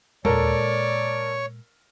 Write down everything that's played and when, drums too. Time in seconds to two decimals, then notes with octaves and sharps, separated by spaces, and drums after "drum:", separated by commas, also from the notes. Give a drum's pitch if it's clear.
0.25 A#2 G#3 A4 A#4 C#5 D5, drum: tom D#2